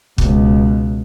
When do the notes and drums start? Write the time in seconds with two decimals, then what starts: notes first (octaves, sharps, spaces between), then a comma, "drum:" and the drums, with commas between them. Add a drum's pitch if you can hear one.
0.18 C#2 B2, drum: kick